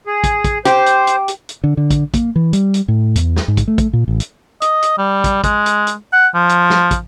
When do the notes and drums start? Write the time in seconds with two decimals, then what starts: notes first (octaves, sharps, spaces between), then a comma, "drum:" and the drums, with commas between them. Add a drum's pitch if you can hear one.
0.07 G#4
0.24 drum: kick, hi-hat
0.45 drum: kick, hi-hat
0.65 G4 C5, drum: hi-hat
0.86 drum: hi-hat
1.07 drum: hi-hat
1.28 drum: hi-hat
1.49 drum: hi-hat
1.64 D3
1.77 D3
1.90 drum: kick, hi-hat
2.14 A#3, drum: kick, hi-hat
2.36 E3
2.53 G3, drum: hi-hat
2.74 drum: hi-hat
2.88 A2
3.16 E2, drum: hi-hat
3.36 drum: snare
3.48 G#2
3.57 drum: kick, hi-hat
3.68 A3
3.78 drum: kick, hi-hat
3.93 A#2
4.08 A1
4.20 drum: hi-hat
4.62 D#5, drum: hi-hat
4.82 drum: hi-hat
4.98 G3
5.24 drum: kick, hi-hat
5.44 G#3, drum: kick, hi-hat
5.66 drum: hi-hat
5.87 drum: hi-hat
6.13 F#5
6.35 F3
6.49 drum: hi-hat
6.70 drum: snare
6.91 drum: kick, hi-hat